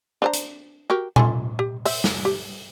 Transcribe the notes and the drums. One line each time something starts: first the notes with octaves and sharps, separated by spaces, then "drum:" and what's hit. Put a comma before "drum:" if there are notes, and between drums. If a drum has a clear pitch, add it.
D4 C5 A#5
drum: hi-hat
F#4 G4 A#4
F4 A4 G#5, drum: tom A#2
G4
C5 E5, drum: open hi-hat
drum: snare
G4